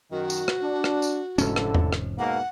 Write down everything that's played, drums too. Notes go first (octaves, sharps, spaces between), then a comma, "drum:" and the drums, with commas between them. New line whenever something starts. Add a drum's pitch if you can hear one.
F#2 D#3 F#4
drum: tambourine
drum: rim click
D4
drum: rim click
drum: tambourine
F1 G#2 D3 C#4 E4 A4, drum: tambourine
drum: rim click
drum: tom E2
drum: rim click
G#2 B2 A#3 F#5